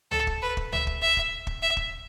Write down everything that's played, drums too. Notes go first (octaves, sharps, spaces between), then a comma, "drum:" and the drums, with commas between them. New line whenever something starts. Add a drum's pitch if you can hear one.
A4, drum: tom C#2
drum: kick
B4
drum: kick
E5, drum: tom C#2
drum: kick
E5
drum: kick
drum: kick
E5
drum: kick